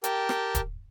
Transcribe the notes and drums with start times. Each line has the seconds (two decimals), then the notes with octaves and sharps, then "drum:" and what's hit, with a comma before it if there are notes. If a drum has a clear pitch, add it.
0.04 G4 A#4 G5 A5, drum: hi-hat
0.29 drum: rim click
0.55 drum: kick D1, hi-hat